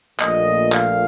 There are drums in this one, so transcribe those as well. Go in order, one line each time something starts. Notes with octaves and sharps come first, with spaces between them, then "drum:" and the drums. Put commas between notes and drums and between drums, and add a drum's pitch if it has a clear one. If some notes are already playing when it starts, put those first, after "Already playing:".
A#1 A#2 A3 D#5, drum: clap
F5, drum: clap